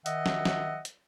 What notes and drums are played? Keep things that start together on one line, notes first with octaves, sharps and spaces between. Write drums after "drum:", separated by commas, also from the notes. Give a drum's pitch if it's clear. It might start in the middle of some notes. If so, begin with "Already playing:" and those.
D#3 D#5 E5 F#5, drum: hi-hat
drum: snare
drum: snare
drum: hi-hat